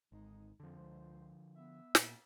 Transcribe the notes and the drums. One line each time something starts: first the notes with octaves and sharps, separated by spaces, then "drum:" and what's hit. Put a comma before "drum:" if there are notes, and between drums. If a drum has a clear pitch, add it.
G#1 D3 G#3 D#4
F2 D3 F3
C#2 C5
B3 E5
A#2, drum: snare